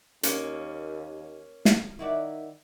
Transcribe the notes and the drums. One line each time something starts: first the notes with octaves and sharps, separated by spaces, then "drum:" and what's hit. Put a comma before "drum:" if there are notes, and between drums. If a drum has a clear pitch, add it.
D#2 A#3 C#4, drum: hi-hat
drum: snare
D#3 E4 F#4 D5